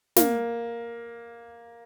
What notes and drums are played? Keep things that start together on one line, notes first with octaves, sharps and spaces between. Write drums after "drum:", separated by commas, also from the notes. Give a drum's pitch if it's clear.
A#3, drum: snare